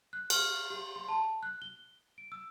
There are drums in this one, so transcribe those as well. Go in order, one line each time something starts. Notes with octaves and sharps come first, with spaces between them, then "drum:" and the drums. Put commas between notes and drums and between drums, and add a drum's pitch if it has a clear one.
F#6
F6, drum: cymbal
G4
C6
A5
F#6
G7
D7
E6